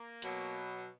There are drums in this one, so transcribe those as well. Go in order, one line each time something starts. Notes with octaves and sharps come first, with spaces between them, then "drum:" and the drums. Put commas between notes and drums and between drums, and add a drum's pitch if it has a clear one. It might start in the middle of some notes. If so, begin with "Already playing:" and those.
Already playing: A#3
B2 F#3, drum: hi-hat